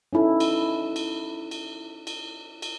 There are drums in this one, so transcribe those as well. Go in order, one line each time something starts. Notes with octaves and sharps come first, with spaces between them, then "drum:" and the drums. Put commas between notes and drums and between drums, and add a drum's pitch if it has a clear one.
C#4 D#4 E4 A4
drum: cymbal
drum: cymbal
drum: cymbal
drum: cymbal
drum: cymbal